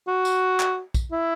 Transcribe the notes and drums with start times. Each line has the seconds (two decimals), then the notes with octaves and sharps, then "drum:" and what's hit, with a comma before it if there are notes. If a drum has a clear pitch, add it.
0.07 F#4
0.25 drum: tambourine
0.60 drum: clap
0.94 drum: kick, tambourine
1.12 E4